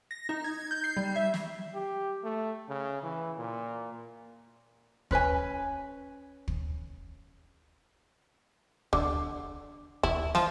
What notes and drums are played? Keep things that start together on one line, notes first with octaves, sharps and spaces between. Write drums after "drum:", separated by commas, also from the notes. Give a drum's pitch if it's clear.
A#6
D#4
G#6
G6
C7
G3
E5
drum: snare
G4
A3
C#3
E3
A#2
C#4 B4 C#5 G#5, drum: kick
drum: kick
D3, drum: kick
E4, drum: kick
F3, drum: snare